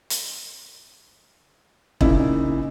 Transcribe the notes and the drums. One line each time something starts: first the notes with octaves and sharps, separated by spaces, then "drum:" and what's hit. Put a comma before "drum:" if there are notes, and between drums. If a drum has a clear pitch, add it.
drum: hi-hat
A#2 C#3 D#4 E4, drum: kick E1